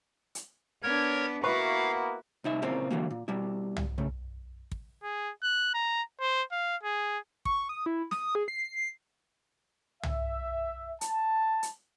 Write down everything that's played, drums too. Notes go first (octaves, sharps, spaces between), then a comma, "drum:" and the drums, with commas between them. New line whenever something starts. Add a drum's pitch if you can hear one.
drum: hi-hat
B3 D4 A#4 C#5 G#6
A#3 B3 E4 F#4 B4 F5 C#6
C2 D#4 E5
A#2 C#3 A#3 C4 E4
D3 E3 F#3 A#3
A#2
B2 G3 E4
drum: tom C2
C#3 A3
drum: kick
G#4
F#6
A#5
C5
F5
G#4
C#6, drum: kick
D#6
E4
D#6, drum: snare
G#4
C7
E5, drum: tom C2
A5, drum: hi-hat
drum: hi-hat